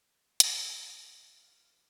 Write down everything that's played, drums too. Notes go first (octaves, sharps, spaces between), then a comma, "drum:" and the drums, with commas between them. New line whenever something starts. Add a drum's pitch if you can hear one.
drum: hi-hat
E4 F4 A#4 C5 F5 F#5